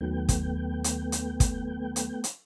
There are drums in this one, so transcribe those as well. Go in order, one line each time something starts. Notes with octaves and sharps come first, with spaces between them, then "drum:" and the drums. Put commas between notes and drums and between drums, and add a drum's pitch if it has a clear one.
D#2 D#3 F#3 A3 B3 G5
drum: kick, hi-hat
drum: hi-hat
drum: hi-hat
drum: kick, hi-hat
drum: hi-hat
drum: hi-hat